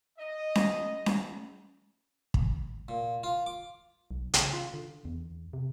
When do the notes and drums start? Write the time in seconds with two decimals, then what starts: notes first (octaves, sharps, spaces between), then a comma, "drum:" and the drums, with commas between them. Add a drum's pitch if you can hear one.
0.19 D#5
0.55 drum: snare C#4
1.06 drum: snare C#4
2.34 drum: kick
2.89 A#2
3.24 F4
3.46 D6
4.11 B1
4.34 C#3, drum: hi-hat
4.53 F4
4.74 D3
5.05 E2
5.53 C3